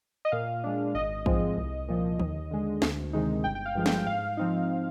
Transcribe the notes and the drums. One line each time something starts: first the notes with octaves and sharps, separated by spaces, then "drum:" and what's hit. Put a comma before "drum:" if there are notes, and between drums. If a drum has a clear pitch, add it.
D#5
A#2 F5
G#3 D4
G#1 D#5
G#2 F3 G#3 C4, drum: kick
C2
A#2 F3
D#2, drum: tom D3
D3 G#3
D2, drum: snare
C3 D#3 G#3 D#4
G1 G5
G5
F5
G2 F3 G#3
G5, drum: snare
G#2 F5
F3 C4 D#4